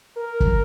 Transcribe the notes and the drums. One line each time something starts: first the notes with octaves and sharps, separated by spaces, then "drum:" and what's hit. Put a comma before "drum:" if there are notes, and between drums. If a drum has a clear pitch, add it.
A#4
drum: kick